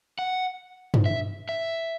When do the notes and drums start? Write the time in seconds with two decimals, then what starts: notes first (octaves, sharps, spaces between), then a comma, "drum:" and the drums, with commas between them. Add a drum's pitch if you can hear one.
0.19 F#5
0.94 drum: tom G2
1.06 E5
1.49 E5